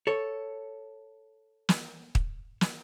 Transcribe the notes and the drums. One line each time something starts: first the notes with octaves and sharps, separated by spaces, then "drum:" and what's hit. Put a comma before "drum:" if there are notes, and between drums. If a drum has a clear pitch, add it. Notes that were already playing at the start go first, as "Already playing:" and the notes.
A4 C#5
drum: snare
drum: kick
drum: snare